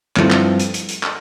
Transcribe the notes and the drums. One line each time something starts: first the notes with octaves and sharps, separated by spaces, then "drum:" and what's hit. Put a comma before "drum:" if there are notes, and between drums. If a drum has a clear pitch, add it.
G2 F3 A3 C4 E4, drum: clap
drum: clap
drum: hi-hat
drum: hi-hat
drum: hi-hat
drum: clap